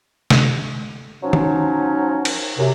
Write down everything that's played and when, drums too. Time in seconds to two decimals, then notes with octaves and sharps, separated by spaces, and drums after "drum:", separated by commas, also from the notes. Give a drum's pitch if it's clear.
0.30 drum: snare
1.23 F3 F#3 C#4 D#4
1.33 drum: tom
2.25 drum: cymbal
2.58 F#2 C3